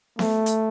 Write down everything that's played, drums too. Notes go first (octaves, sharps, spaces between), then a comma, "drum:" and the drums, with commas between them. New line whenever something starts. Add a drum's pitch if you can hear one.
A3, drum: snare B3
drum: hi-hat